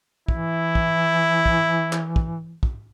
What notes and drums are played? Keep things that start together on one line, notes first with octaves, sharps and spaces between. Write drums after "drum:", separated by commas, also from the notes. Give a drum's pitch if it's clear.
E3 E4, drum: kick
drum: kick
drum: kick
drum: clap
drum: kick
drum: kick